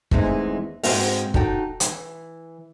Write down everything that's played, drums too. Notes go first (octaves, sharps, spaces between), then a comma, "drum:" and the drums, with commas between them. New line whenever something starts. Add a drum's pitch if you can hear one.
E2 E3 G#3 A3 C4 D#4, drum: kick
G#2 G#3 C4 F#4 F5, drum: open hi-hat
D#4 F#4 A4 G5, drum: kick
E3, drum: hi-hat